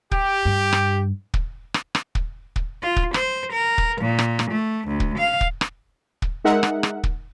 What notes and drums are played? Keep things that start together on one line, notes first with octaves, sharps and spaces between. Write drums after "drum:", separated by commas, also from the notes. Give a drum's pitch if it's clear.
G4, drum: kick
G2
drum: rim click
drum: kick
drum: rim click
drum: rim click
drum: kick
drum: kick
F4
drum: kick
C5, drum: rim click
A#4
drum: kick
A#2
drum: rim click
drum: rim click
A3
D2
drum: kick
F5
drum: kick
drum: rim click
drum: kick
G#3 D#4 A#4 E5 F#5
drum: rim click
drum: rim click
drum: kick